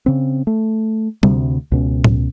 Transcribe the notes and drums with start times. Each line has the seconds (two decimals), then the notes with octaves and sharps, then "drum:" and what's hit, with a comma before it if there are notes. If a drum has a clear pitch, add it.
0.06 C#3 C4
0.47 A3
1.23 D2 C3, drum: tom G3
1.72 C#2 B2 C#4
2.04 drum: tom A2